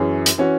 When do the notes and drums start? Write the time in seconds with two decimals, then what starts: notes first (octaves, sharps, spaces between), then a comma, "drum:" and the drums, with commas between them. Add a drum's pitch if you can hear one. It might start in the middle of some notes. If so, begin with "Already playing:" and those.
Already playing: F#2 E3 C#4 G#4
0.26 drum: hi-hat
0.38 E3 C#4 F#4